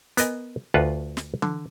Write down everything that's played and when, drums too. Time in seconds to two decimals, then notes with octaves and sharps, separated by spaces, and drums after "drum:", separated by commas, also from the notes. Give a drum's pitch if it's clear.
0.17 B3 A#4 D#5 G#5, drum: hi-hat
0.74 D2 F4 B4 F#5 A5
1.17 drum: snare
1.42 D3, drum: tom